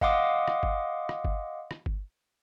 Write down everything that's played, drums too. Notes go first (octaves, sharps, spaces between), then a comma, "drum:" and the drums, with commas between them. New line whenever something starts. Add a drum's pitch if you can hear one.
D#5 F5 F#5 C6 D6 D#6, drum: kick G1
drum: rim click
drum: kick G1
drum: rim click
drum: kick G1
drum: rim click
drum: kick G1